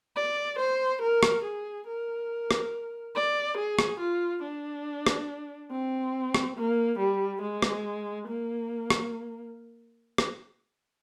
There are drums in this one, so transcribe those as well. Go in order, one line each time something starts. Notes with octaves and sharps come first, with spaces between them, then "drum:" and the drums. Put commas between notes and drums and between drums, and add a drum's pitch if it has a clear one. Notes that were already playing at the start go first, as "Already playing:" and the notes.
D5
C5
A#4
drum: rim click
G#4
A#4
drum: rim click
D5
G#4
drum: rim click
F4
D4
drum: rim click
C4
drum: rim click
A#3
G3
G#3
drum: rim click
A#3
drum: rim click
drum: rim click